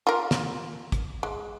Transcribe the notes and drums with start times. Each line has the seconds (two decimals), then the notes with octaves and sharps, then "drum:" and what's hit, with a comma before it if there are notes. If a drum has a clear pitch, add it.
0.07 F4 A#4
0.31 drum: snare
0.92 drum: kick, hi-hat
1.23 G#3